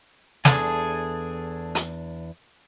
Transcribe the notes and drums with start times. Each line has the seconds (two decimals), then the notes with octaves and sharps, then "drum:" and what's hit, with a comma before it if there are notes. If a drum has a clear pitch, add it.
0.45 E2 D4 G#4 A4 G#5, drum: snare
1.75 drum: hi-hat